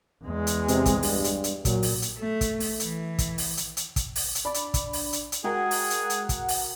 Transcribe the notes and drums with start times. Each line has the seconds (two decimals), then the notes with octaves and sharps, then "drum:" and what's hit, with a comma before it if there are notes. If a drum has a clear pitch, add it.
0.24 E2 G#3
0.47 drum: hi-hat
0.68 C3, drum: hi-hat
0.86 drum: kick, hi-hat
1.03 G2, drum: open hi-hat
1.24 drum: hi-hat
1.44 drum: hi-hat
1.65 A#2 F#3, drum: kick, hi-hat
1.83 drum: open hi-hat
2.02 drum: hi-hat
2.18 A3
2.41 drum: kick, hi-hat
2.60 drum: open hi-hat
2.80 E3, drum: hi-hat
3.18 drum: kick, hi-hat
3.38 drum: open hi-hat
3.57 drum: hi-hat
3.77 drum: hi-hat
3.96 drum: kick, hi-hat
4.16 drum: open hi-hat
4.35 drum: hi-hat
4.45 D4 D5 B5
4.54 drum: hi-hat
4.74 drum: kick, hi-hat
4.93 drum: open hi-hat
5.13 drum: hi-hat
5.32 drum: hi-hat
5.44 G#3 F#4 G#4 A#4 F#5 G5
5.71 drum: open hi-hat
5.90 drum: hi-hat
6.10 drum: hi-hat
6.29 drum: kick, hi-hat
6.48 drum: open hi-hat